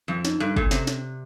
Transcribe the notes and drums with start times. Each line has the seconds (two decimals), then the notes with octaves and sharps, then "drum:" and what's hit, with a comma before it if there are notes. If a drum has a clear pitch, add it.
0.08 F2 F3
0.25 D#4, drum: snare
0.40 G2 A4
0.56 A#2 A4, drum: kick
0.71 C3 C4, drum: snare
0.87 drum: snare